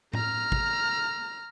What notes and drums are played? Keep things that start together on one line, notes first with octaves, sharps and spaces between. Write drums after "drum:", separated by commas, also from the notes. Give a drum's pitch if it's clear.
A#5 F6, drum: tom A2
drum: kick